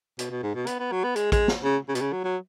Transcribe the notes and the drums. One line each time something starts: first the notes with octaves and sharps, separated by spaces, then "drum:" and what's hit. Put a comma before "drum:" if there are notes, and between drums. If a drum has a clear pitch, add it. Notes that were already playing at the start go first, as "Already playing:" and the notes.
B2, drum: hi-hat
B2
G#2
B2
B3, drum: hi-hat
B3
F#3
B3
G#3, drum: hi-hat
G#3, drum: kick A1, hi-hat
drum: snare
C#3
C#3
B2, drum: hi-hat
C#3
F#3
F#3